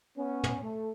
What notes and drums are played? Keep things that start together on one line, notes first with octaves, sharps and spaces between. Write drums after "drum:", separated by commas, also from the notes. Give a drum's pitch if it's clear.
B3 C#4
drum: tom
A3